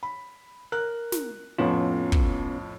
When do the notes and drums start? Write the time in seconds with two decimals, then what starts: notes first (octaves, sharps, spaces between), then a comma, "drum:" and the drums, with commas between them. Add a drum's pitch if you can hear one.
0.03 B5
0.72 A#4 F#6
1.12 drum: snare
1.58 F2 A2 F3 B3 C#4 F4
2.12 drum: kick